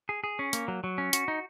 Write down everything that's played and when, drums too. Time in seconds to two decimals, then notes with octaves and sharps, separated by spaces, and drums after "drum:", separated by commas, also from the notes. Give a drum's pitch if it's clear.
0.09 G#4
0.24 G#4
0.39 C#4
0.53 A#3, drum: hi-hat
0.68 F#3
0.84 F#3
0.98 C#4
1.13 F#4, drum: hi-hat
1.28 D#4